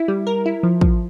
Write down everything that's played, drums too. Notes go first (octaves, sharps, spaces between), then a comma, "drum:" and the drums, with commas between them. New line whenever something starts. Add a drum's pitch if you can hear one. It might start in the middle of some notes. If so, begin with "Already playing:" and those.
Already playing: E4
G3
A#4
E4
F3
F3, drum: kick